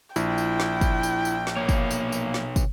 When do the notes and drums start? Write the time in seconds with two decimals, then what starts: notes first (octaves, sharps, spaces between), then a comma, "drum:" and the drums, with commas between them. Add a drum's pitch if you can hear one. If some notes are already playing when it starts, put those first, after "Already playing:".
0.16 A#1 E4 G5, drum: tambourine
0.38 drum: tambourine
0.60 drum: snare
0.81 drum: kick, tambourine
1.03 drum: tambourine
1.25 drum: tambourine
1.47 drum: snare
1.56 B2 A#3 C#5
1.69 drum: kick, tambourine
1.91 drum: tambourine
2.12 drum: tambourine
2.34 drum: snare
2.56 drum: kick, tambourine